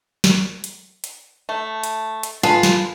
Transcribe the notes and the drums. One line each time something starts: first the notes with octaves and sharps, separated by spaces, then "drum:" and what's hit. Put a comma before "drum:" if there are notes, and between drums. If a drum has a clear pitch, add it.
drum: snare
drum: hi-hat
drum: hi-hat
A3
drum: hi-hat
drum: hi-hat
F4 G#4 A4 B4
drum: snare